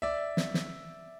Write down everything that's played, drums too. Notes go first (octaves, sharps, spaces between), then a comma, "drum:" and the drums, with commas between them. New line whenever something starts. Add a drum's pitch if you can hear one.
D5 E5
drum: snare
drum: snare